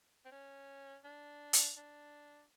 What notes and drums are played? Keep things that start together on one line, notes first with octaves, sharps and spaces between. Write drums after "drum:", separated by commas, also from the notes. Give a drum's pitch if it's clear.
C4
C#4
D4
drum: hi-hat
D4